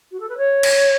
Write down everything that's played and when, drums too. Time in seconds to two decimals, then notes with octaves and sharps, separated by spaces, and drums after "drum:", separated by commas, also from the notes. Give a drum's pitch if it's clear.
0.11 F#4
0.20 A4
0.28 B4
0.37 C#5
0.63 drum: cymbal